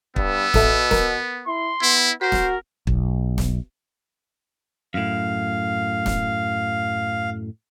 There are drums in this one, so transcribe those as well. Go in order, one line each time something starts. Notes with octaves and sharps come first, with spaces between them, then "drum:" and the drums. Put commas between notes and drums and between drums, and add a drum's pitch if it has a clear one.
G2 B3 E6, drum: kick
A1 B2 A4 E5, drum: snare
A#4, drum: snare
E4 C6
B3 E4
F#4 A#4 C5 B6
drum: snare
B1, drum: kick
drum: snare
F#2 A2 F5
drum: snare